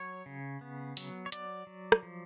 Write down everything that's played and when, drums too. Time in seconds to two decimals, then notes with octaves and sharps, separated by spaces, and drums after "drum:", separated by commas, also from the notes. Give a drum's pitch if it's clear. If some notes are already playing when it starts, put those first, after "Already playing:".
Already playing: F#3 C#5
0.26 C#3
0.61 B3
0.97 F#3, drum: open hi-hat
1.26 C#5
1.32 F#3 D5, drum: hi-hat
1.67 F#3
1.92 drum: rim click
2.03 F3